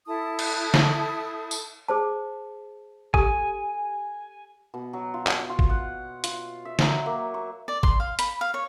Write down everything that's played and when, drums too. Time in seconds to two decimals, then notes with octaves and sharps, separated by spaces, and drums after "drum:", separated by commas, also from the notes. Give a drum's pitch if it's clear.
0.06 E4 A4 A5 D#6
0.39 drum: cymbal
0.74 drum: snare
1.51 drum: tambourine
1.88 G#4 C5 A5
3.14 G4 A4 G#5 D#6, drum: kick
4.74 B2
4.93 F#3
5.14 F4
5.27 C#5, drum: clap
5.49 F4
5.59 drum: kick
5.70 F#5
6.24 F4, drum: hi-hat
6.65 E5
6.79 F#3, drum: snare
7.06 A#3
7.34 C#6
7.68 D5
7.83 C6, drum: kick
8.00 F5
8.19 B5, drum: hi-hat
8.41 F5
8.54 C#5